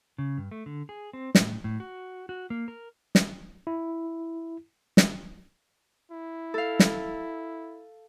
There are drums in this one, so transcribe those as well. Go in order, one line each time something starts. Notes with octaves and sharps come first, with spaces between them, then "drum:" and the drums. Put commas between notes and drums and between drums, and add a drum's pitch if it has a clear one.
C#3
G2
A3
D3
G#4
C4
A2, drum: snare
A2
F#4
F#4
A#3
A#4
drum: snare
E4
drum: snare
E4
A4 F5
drum: snare